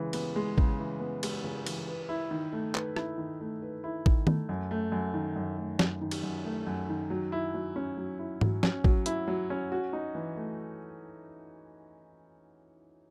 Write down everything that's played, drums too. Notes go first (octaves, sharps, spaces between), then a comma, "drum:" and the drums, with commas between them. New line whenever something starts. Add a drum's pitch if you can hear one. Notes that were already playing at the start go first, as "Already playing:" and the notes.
Already playing: C#3 E3 G#3 B3
B3, drum: cymbal
G#3
C#3, drum: kick
E3
B3
G#3, drum: cymbal
C#3
E3, drum: cymbal
B4
E4
D#3
A3
B4, drum: clap
E4, drum: rim click
D#3
A3
B4
E4
D#3, drum: kick
A3, drum: tom D#3
F#2
A3
F#2
D#3
F#2
A3
F#2, drum: snare
D#3
drum: cymbal
F#2
A3
F#2
D#3
F#3
E4
F#3
C#4
F#3
E4
F#3, drum: tom G#2
C#4, drum: snare
F#3, drum: kick
E4, drum: hi-hat
F#3
C#4
F#4
D#4
E3
A3